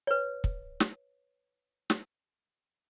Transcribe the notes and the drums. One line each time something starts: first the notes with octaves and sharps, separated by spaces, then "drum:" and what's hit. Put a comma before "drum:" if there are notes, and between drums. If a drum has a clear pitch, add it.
B4 C#5
drum: kick
drum: snare
drum: snare